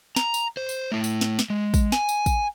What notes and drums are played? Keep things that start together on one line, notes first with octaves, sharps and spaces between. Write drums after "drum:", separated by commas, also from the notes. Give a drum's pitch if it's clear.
A#5, drum: snare
drum: tambourine
C5
drum: tambourine
A3 E4
drum: tambourine
drum: snare
drum: snare
G#3
drum: kick, tambourine
G#5, drum: snare
drum: tambourine
drum: kick, tambourine